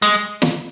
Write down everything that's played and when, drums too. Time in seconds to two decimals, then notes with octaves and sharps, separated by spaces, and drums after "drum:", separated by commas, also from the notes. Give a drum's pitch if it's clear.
0.02 G#3
0.42 drum: snare